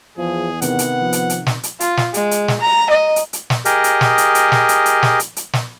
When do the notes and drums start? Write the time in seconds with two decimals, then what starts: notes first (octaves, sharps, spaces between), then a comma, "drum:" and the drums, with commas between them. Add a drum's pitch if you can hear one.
0.17 E2 F3 G#4
0.62 C3 D#3 B3 F#5, drum: hi-hat
0.79 drum: hi-hat
1.01 F3
1.13 drum: hi-hat
1.30 drum: hi-hat
1.47 drum: snare
1.63 drum: hi-hat
1.80 F4, drum: hi-hat
1.97 drum: snare
2.14 G#3, drum: hi-hat
2.31 drum: hi-hat
2.48 drum: snare
2.61 A#5
2.90 D#5
3.16 drum: hi-hat
3.33 drum: hi-hat
3.50 drum: snare
3.65 G4 G#4 A#4 D#5, drum: hi-hat
3.84 drum: hi-hat
4.01 drum: snare
4.18 drum: hi-hat
4.35 drum: hi-hat
4.52 drum: snare
4.69 drum: hi-hat
4.86 drum: hi-hat
5.03 drum: snare
5.20 drum: hi-hat
5.36 drum: hi-hat
5.53 drum: snare